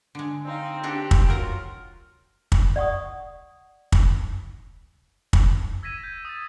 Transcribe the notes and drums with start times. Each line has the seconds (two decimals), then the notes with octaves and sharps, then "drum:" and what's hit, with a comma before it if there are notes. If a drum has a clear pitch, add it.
0.15 D3 G#3
0.45 C4 D#4 F5
0.83 D4 F#4 G4 A4
1.11 drum: kick
1.29 F#3 F4 F#4 A#4 A#5
2.52 drum: kick
2.76 D5 F#5 C#6 D#6
3.92 drum: kick
5.33 drum: kick
5.83 E6 G#6 A#6 B6 D#7 E7
6.03 G6 G#6
6.25 D#6 A6